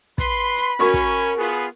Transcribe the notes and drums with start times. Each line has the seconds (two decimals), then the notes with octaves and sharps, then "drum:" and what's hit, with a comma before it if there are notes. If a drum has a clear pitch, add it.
0.18 B4 B5 C6, drum: kick, hi-hat
0.56 drum: hi-hat
0.79 C#4 F#4 A#4 G#5 C#6
0.94 drum: kick, hi-hat
1.38 B3 F4 G#4